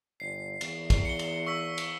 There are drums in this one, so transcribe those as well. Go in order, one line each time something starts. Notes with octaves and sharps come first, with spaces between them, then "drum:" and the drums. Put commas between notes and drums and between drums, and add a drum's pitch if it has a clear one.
G1 C7
E2, drum: cymbal
drum: kick, cymbal
C#7 G7
drum: cymbal
C#6 E6 B6
drum: cymbal